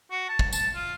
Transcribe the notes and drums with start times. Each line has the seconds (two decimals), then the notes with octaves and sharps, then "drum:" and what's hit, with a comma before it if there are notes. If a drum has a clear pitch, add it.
0.11 F#4
0.29 A5
0.39 drum: kick
0.53 A5, drum: tambourine
0.75 F4